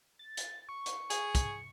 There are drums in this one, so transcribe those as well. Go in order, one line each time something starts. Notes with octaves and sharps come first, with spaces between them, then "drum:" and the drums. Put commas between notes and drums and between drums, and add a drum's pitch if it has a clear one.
A6
drum: hi-hat
C#6
drum: hi-hat
G#4, drum: hi-hat
drum: kick, hi-hat